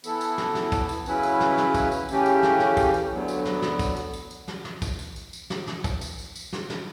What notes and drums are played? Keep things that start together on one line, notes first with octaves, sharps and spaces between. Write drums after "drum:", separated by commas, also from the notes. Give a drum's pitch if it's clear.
E3 B3 E4 A4, drum: tambourine
drum: tambourine
drum: snare
drum: snare
drum: kick, tambourine
drum: tambourine
C#3 F#3 C#4 E4 B4, drum: tambourine
drum: tambourine
drum: snare
drum: snare
drum: kick, tambourine
drum: tambourine
C#3 E3 A3 C#4 G4, drum: tambourine
drum: tambourine
drum: snare
drum: snare
drum: kick, tambourine
drum: tambourine
D2 D3 F#3 B3
drum: tambourine
drum: snare
drum: snare
drum: kick, tambourine
drum: tambourine
drum: tambourine
drum: tambourine
drum: snare
drum: snare
drum: kick, tambourine
drum: tambourine
drum: tambourine
drum: tambourine
drum: snare
drum: snare
drum: kick, tambourine
drum: tambourine
drum: tambourine
drum: tambourine
drum: snare
drum: snare